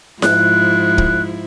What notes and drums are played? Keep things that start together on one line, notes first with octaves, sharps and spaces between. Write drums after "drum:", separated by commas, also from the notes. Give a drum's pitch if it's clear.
G#2 F3 E4 F#6, drum: snare E4
drum: kick